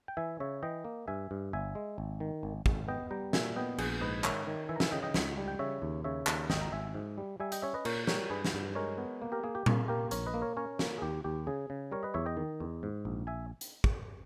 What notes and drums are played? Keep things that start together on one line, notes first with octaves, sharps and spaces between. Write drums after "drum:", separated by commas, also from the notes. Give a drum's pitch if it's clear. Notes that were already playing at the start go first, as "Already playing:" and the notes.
G5
E3 E5 G#5
C#3 C#5 E5
E3 D#5 G5
A#3
G2 E5 G#5
G2
G1 E5 G#5
G#3
G#1
D#3
G#1
G#1, drum: kick
B3 D#5 G5
G3 G5 A#5
A#2 E5 G#5, drum: snare
B3 D#5 G5
A#1 G#4, drum: cymbal
G#2 B4 D#5
D#3 C#5 E5, drum: clap
D#3
E3 E5 G#5
A#5
E5 G#5, drum: snare
C#3 D#5 G5
D#5 G5
C#2, drum: snare
G3
G5
C#3 C#5 E5
D#2
C#3 C#5 E5
D#2, drum: clap
G#1 D#5 G5, drum: snare
A#5
G#1 E5 G#5
G#2
G3
G3 E5 G#5
D#5 G5, drum: hi-hat
C#4 C#5 E5
B4 D#5
A#2 A#4 C#5, drum: cymbal
G3 A#4 C#5, drum: snare
G2 G#4 B4
drum: snare
G2
G#3 A#4 C#5
B3
A#3
G4 A#4
A#3 G#4
G4
A#3 G#4, drum: tom A#2
A#3 G4 A#4
A#1 A#4 C#5, drum: hi-hat
B4 D#5
A#3
A#4 C#5
C#4 A#4 C#5
A#3, drum: snare
G#4
D#2 G4
D#2 G4
C#3 G#4
C#3
G3 A#4 C#5
B4 D#5
E2 C#5 E5
D#5 G5
D#3
E2
G#2
A#1
E5 G#5
drum: hi-hat
drum: kick